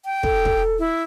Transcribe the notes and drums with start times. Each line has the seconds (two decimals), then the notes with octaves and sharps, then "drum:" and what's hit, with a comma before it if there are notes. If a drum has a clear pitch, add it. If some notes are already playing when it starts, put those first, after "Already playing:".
0.05 G5
0.23 A4, drum: kick
0.45 drum: kick
0.79 E4